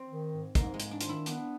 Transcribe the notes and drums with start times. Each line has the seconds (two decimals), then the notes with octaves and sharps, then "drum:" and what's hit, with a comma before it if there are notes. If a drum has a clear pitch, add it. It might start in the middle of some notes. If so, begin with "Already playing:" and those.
Already playing: C4
0.09 D#3
0.32 G#2
0.55 G#2 A#3, drum: kick, hi-hat
0.74 G#3
0.80 G#2, drum: hi-hat
0.91 D4
1.01 D#3 F4, drum: hi-hat
1.09 E4
1.26 B3 D4, drum: hi-hat